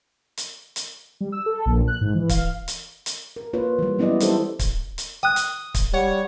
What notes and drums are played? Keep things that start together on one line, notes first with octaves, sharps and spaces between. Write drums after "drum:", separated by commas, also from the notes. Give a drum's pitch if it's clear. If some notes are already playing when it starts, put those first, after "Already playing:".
drum: hi-hat
drum: hi-hat
G3
E6
A4
A#1
F#6
G#2
E3
F5, drum: kick, hi-hat
drum: hi-hat
drum: hi-hat
A#4
A#3 F4 B4 C#5
E3 G3
F#3 B3 C#4 E4 D5 D#5
G3 D#4 E4 G4 A4 C5, drum: hi-hat
drum: kick, hi-hat
drum: hi-hat
G5 D#6 F#6
drum: hi-hat
drum: kick, hi-hat
G3 C#5 F#5